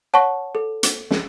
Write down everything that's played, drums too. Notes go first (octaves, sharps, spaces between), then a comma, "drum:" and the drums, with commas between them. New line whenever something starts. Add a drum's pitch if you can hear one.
C#5 F#5 A5 C#6
A4
drum: hi-hat
drum: snare